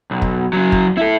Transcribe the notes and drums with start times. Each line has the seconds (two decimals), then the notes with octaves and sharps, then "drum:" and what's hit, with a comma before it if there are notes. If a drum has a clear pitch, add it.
0.11 B1
0.22 drum: kick
0.53 C#3 F#3
0.72 drum: kick
0.97 E4 A4